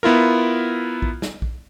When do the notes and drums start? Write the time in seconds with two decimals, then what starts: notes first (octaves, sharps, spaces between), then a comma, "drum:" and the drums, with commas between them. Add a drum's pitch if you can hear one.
0.03 B3 E4 F4 A#4
1.02 drum: kick A#1
1.22 drum: snare
1.42 drum: kick A#1